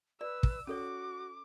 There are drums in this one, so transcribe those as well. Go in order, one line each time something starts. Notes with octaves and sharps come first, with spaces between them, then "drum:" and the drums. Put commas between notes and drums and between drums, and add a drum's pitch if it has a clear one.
B4 D5 E6
drum: kick
C#4 F#4 A4 C#5 D6